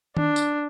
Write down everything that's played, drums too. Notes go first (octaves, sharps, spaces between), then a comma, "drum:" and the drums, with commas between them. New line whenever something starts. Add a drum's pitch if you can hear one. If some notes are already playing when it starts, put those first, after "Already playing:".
D4, drum: tom D#3
drum: tambourine